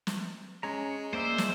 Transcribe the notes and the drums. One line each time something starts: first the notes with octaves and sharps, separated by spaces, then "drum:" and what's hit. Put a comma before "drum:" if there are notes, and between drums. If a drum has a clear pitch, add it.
drum: snare
G#3 C#4 C#5 A#5
A#3 C5 D5 E5
drum: snare